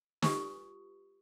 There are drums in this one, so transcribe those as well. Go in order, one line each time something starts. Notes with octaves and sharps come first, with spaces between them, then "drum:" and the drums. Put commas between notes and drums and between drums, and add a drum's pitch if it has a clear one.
F4 G4 B4 C#6 D#6, drum: snare